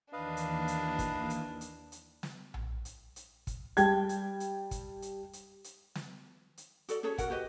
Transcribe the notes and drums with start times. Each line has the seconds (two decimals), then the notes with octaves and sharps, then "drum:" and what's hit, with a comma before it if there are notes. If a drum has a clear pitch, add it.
0.13 D#2 E3 A#3 D4 B4 D#5 F5
0.37 drum: hi-hat
0.68 drum: hi-hat
0.99 drum: kick, hi-hat
1.30 drum: hi-hat
1.61 drum: hi-hat
1.92 drum: hi-hat
2.23 drum: snare
2.54 drum: tom A#1
2.85 drum: hi-hat
3.16 drum: hi-hat
3.47 drum: kick, hi-hat
3.77 G3 G5 A5 G#6, drum: hi-hat
4.09 drum: hi-hat
4.40 drum: hi-hat
4.71 drum: kick, hi-hat
5.02 drum: hi-hat
5.33 drum: hi-hat
5.64 drum: hi-hat
5.95 drum: snare
6.57 drum: hi-hat
6.89 F#4 A4 D5, drum: hi-hat
7.03 C#4 G#4 A4 C#5
7.18 F#4 A#4 F#5, drum: kick, hi-hat
7.30 F#4 G4 B4 D#5